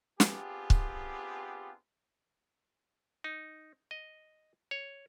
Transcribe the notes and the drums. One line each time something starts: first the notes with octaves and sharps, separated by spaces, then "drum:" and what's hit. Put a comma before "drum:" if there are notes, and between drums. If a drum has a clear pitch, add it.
B3 C4 D4 F4 G4 G#4, drum: snare
drum: kick C#1
D#4
D#5
C#5